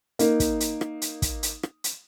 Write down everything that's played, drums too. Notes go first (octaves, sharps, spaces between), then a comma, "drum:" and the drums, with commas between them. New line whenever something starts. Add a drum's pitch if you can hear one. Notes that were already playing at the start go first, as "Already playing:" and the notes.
A#3 D#4, drum: hi-hat
drum: kick, hi-hat
drum: hi-hat
drum: rim click
drum: hi-hat
drum: kick, hi-hat
drum: hi-hat
drum: rim click
drum: hi-hat